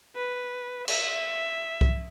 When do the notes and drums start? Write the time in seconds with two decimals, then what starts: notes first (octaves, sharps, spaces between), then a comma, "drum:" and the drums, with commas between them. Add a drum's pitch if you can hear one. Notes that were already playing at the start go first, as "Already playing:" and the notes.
0.16 B4
0.88 E5, drum: cymbal
1.81 drum: kick C2